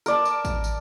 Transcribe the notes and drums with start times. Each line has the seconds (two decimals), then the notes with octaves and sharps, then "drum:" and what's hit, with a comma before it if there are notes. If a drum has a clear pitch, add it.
0.06 A#4 D5 A5, drum: tambourine
0.25 drum: tambourine
0.45 drum: kick A1, tambourine
0.64 drum: tambourine